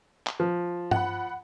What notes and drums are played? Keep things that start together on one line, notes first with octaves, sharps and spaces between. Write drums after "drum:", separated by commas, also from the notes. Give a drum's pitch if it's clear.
drum: clap
F3
F#5 B5, drum: tom G2